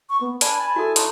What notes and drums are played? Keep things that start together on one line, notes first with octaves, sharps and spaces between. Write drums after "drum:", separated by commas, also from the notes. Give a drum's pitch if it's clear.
C#6
B3
D4 B4 D5 G#5 B5, drum: hi-hat
G#5 A5 B5
E4 F#4 A4
D4 D#4 C6 C#6, drum: hi-hat